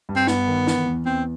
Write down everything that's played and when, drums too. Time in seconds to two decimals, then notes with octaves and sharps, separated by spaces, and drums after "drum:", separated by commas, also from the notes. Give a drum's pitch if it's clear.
0.09 G2
0.16 C4
0.27 G2 B3, drum: snare
0.48 D#3
0.67 E3, drum: snare
0.86 E2
1.05 E2 C4